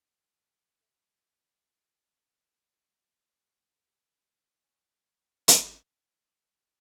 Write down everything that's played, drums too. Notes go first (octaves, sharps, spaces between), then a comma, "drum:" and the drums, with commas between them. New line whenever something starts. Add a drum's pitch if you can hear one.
G4
A4 E5 E6
G#3
F#3
A3
G4
A3
A4
G4
A#4
G4
C5
C#4 F#4
drum: hi-hat